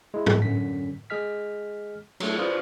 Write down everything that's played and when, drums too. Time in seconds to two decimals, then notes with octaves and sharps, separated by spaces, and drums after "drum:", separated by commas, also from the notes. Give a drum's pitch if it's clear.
0.14 G#3 E4
0.26 drum: tom G2
0.42 F#2 D3 B6
1.10 G#3 G#4 D#5 F6 B6
2.20 F#3 A3, drum: cymbal
2.39 F4 B4 C5 D5 D#6 F6